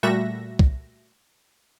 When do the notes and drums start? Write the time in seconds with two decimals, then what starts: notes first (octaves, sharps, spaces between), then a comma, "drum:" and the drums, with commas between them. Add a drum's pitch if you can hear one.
0.03 A#2 G3 A3 F#4 E5 A#6
0.59 drum: kick